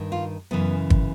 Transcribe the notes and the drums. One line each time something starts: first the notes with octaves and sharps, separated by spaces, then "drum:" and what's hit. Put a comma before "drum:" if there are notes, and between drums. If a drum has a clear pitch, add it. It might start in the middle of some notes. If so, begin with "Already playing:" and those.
Already playing: G2 D#3
F4
F#2 C#3 E3 B3
drum: kick